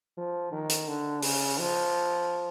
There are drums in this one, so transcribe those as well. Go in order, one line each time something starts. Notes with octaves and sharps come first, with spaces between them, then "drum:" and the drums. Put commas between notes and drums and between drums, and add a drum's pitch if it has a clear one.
F3
D#3
drum: hi-hat
D3
C#3, drum: open hi-hat
F3